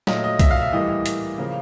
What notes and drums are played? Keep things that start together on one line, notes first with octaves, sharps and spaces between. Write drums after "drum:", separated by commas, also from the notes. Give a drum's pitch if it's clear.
A#2 F#3 A3 D#5, drum: snare
D#5
E5, drum: kick C2, hi-hat
F5
E5
A2 E3 G3 A#3 D#5
drum: hi-hat
C#3 F3 A#3